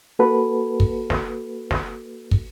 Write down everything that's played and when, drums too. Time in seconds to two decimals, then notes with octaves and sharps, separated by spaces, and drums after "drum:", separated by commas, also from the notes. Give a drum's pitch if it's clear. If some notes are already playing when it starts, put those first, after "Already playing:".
0.19 A#3 F#4 A4 B4
0.80 drum: kick
1.10 drum: snare
1.71 drum: snare
2.31 drum: kick